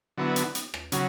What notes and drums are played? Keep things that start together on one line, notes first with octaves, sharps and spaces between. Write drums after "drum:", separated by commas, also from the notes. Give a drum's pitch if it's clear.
D3 F#3 B3 E4
drum: hi-hat
drum: hi-hat
drum: rim click
C#3 F#3, drum: hi-hat